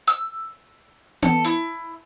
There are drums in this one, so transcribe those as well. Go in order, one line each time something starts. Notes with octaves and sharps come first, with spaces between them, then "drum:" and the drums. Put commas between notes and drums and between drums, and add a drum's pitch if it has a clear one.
E6
A4, drum: tom B3
E4